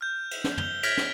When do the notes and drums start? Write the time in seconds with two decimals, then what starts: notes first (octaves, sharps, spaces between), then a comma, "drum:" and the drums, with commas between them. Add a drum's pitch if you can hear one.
0.01 F6 G6
0.31 drum: cymbal
0.44 drum: snare
0.58 F7 G7, drum: tom
0.83 F6 G#6 A#6 B6 D7 F7, drum: cymbal
0.97 drum: snare